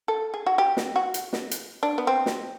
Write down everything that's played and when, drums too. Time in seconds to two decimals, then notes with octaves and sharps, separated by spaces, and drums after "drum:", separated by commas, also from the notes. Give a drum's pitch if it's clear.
0.08 A4
0.34 G#4
0.46 F#4
0.58 G4
0.77 drum: snare
0.96 F#4
1.14 drum: hi-hat
1.33 drum: snare
1.51 drum: hi-hat
1.83 D4
1.98 B3
2.07 C4
2.26 drum: snare